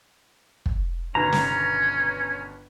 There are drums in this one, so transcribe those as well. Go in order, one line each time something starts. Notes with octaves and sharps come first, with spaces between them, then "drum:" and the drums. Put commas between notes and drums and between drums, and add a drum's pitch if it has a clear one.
drum: kick
G1 B2 D#3 C#4 A#5
drum: snare